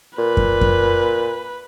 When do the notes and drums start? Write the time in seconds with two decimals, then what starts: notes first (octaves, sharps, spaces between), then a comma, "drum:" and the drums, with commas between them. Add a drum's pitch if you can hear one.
0.18 A#2 B4
0.37 drum: kick F#2
0.61 drum: kick F#2